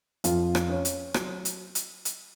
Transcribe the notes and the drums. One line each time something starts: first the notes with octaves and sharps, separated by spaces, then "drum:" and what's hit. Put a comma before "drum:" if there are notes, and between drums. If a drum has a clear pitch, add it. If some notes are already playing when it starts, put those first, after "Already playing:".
F2 F4, drum: hi-hat
drum: rim click
C#4
drum: hi-hat
F#3, drum: rim click
drum: hi-hat
drum: hi-hat
drum: hi-hat